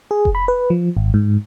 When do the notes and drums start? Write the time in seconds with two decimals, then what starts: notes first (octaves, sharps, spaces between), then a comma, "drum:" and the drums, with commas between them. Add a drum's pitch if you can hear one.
0.11 G#4
0.25 drum: kick F1
0.35 B5
0.48 B4
0.70 F3
0.97 G#1
1.14 G#2